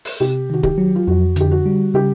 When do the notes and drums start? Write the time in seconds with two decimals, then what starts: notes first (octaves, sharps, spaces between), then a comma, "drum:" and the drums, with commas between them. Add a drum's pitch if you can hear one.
0.05 drum: open hi-hat
0.20 C3 G4
0.50 D#3 F#4
0.63 G4, drum: kick D1
0.78 F#3
0.95 F4
1.07 F2 F#4
1.36 D3 G4, drum: hi-hat
1.51 F#4
1.66 G3
1.94 C#3 G4